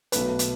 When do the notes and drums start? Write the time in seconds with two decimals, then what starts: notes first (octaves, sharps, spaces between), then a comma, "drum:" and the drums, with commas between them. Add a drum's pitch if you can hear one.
0.12 B1 B2 A3 B4, drum: hi-hat
0.39 drum: hi-hat